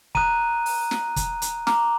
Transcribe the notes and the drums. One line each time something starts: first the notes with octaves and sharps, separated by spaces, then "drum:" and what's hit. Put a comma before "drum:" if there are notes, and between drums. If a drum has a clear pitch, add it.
A#5 D#6 F#6 D#7, drum: kick
drum: open hi-hat
drum: snare
drum: kick, hi-hat
drum: hi-hat
A#5 D6 F6, drum: snare